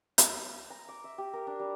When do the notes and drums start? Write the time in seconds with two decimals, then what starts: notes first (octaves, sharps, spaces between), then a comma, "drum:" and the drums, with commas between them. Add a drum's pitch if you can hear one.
0.18 drum: hi-hat
0.70 A#5
0.88 D6
1.04 E5
1.18 G4
1.33 A#4
1.47 D4
1.59 G3